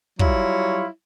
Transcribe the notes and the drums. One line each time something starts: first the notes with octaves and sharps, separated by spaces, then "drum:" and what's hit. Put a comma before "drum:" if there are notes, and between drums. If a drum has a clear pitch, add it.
F#3 G3 E4 F4 C#5, drum: kick